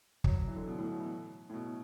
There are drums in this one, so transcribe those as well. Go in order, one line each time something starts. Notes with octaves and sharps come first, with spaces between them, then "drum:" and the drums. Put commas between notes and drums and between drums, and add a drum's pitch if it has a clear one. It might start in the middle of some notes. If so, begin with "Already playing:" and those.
F#3, drum: kick
F#3
E3
D3
B2
A2
B2
E3
A2
B2